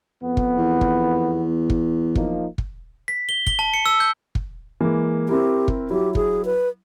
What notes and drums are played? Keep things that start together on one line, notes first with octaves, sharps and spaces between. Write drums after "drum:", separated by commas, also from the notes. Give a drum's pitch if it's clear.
F2 B3
drum: kick
E2
drum: kick
drum: kick
F3 A#3 D#4, drum: kick
drum: kick
B6
G7
G7, drum: kick
A5
C#7
E6
G6
drum: kick
E3 G#3 A#3
C4 E4 G4 A#4
drum: kick
F#3 E4 G4
G#4, drum: kick
B4